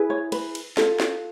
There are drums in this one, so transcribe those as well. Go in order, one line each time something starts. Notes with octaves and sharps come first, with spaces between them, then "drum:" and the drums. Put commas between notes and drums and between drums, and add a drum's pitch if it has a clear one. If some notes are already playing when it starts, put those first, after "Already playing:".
Already playing: E4 G#4 B4
C#5
B4, drum: cymbal
drum: cymbal
F4 A4, drum: snare
drum: snare